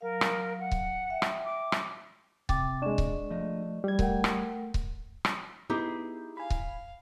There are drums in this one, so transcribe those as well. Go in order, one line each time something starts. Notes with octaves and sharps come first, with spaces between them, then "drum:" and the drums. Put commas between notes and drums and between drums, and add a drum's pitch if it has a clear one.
F#3 A#4 F5
drum: rim click
F#5
drum: kick C#1
E5 G5
drum: rim click
D6
drum: rim click
C3 G5 D6 A6, drum: kick C#1
G#3 D4 D5 C#6 E7
drum: kick C#1
F3 A3 D#5
G3 G#6
A3 A#4 F#5 G5, drum: kick C#1
drum: rim click
drum: kick C#1
drum: rim click
B3 D#4 E4 G4 G#4
F5 G#5 B5
drum: kick C#1